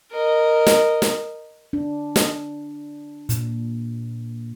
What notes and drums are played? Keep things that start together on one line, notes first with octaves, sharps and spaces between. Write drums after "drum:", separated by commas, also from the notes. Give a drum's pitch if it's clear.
A#4 D#5
drum: snare
drum: snare
D4
drum: snare
A#2, drum: hi-hat